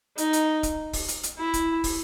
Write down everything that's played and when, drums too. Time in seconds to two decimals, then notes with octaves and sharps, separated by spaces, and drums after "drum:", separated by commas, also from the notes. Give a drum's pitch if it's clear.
0.18 D#4, drum: hi-hat
0.33 drum: hi-hat
0.63 drum: kick, hi-hat
0.93 drum: kick, open hi-hat
1.08 drum: hi-hat
1.23 drum: hi-hat
1.39 E4
1.54 drum: kick, hi-hat
1.84 drum: kick, open hi-hat